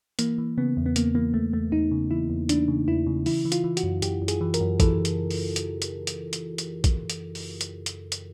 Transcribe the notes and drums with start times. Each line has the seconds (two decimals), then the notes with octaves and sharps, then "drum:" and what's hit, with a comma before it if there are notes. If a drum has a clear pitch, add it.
0.19 E3 A#3, drum: hi-hat
0.38 E3
0.58 C#3 B3
0.77 E2
0.86 B3
0.96 C#3 A#3, drum: hi-hat
1.15 E3 A#3
1.34 E2 A3
1.53 E2 A3
1.72 E2 D#4
1.91 C#3
2.10 E3 E4
2.30 E2
2.49 E3 D4, drum: hi-hat
2.68 C#3
2.88 E2 E4
3.07 C#3
3.26 E3 E4, drum: open hi-hat
3.45 E3
3.52 F4, drum: hi-hat
3.64 E3
3.77 F#4, drum: hi-hat
3.83 F#2
4.02 F#2 G4, drum: hi-hat
4.22 F#2
4.28 G#4, drum: hi-hat
4.41 E3
4.54 A#4, drum: hi-hat
4.60 F#2
4.80 E3 A4, drum: kick, hi-hat
5.05 drum: hi-hat
5.31 drum: open hi-hat
5.56 drum: hi-hat
5.82 drum: hi-hat
6.07 drum: hi-hat
6.33 drum: hi-hat
6.58 drum: hi-hat
6.84 drum: kick, hi-hat
7.10 drum: hi-hat
7.35 drum: open hi-hat
7.61 drum: hi-hat
7.86 drum: hi-hat
8.12 drum: hi-hat